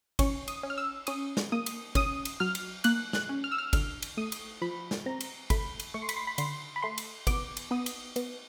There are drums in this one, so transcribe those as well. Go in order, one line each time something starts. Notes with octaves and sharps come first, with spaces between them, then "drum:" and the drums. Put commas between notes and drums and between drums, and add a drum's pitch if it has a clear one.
C#4 C#6, drum: kick, cymbal
D#6, drum: cymbal
C#4
F6
E6
C#4 D#6, drum: cymbal
drum: snare
A#3 D#6
drum: cymbal
C#4 D#6, drum: kick, cymbal
drum: cymbal
F#3 F6
drum: cymbal
A#3 F#6, drum: cymbal
F#6, drum: snare
C#4
F6
E6
F6
D3 F6, drum: kick, cymbal
drum: cymbal
A3 D#6
drum: cymbal
F3 B5
drum: snare
C4 A#5
drum: cymbal
A3 B5, drum: kick, cymbal
drum: cymbal
A3 C#6
C6
B5, drum: cymbal
C6
B5
D3 C6, drum: cymbal
B5
A3 C6
drum: cymbal
B3 D6, drum: kick, cymbal
drum: cymbal
B3 D#6
drum: cymbal
B3, drum: cymbal